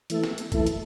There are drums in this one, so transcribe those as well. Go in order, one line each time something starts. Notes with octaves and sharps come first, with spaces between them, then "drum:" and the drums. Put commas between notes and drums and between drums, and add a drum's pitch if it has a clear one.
E3 A3 E4 A4, drum: hi-hat
drum: snare
drum: hi-hat
E3 A3 E4 A4, drum: kick A#1, hi-hat
drum: hi-hat